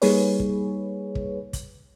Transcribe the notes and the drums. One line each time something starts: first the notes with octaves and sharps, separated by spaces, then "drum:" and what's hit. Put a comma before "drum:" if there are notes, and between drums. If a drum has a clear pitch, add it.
G3 A#3 D#4 G#4 B4 C#5, drum: open hi-hat
drum: kick
drum: kick
drum: kick, hi-hat